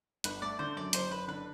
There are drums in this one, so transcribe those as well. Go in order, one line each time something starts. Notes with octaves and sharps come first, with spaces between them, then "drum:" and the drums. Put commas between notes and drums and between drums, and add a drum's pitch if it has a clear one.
G1 B4, drum: hi-hat
A3 D5
D3 C5
F#2 D5
F#1 C5, drum: hi-hat
F#1 B4
D3 B4